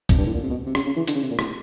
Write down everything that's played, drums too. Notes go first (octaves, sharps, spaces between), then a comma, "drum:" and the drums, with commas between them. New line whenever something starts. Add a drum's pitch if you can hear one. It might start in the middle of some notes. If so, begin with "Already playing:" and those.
F2, drum: kick, hi-hat
G2
A2
A#2
C3
B2
C3
C#3, drum: rim click
C#3
E3
D3, drum: hi-hat
C#3
C3
A#2
A2, drum: rim click